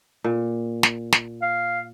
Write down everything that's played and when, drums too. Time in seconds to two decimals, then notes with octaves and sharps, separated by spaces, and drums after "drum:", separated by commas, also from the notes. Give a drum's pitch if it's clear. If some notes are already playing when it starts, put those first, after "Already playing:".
0.24 A#2
0.83 drum: snare
1.12 drum: snare
1.42 F5